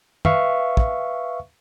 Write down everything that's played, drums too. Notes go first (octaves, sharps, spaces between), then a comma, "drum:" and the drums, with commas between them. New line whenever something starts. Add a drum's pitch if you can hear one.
B4 E5 F5 C#6, drum: tom
drum: kick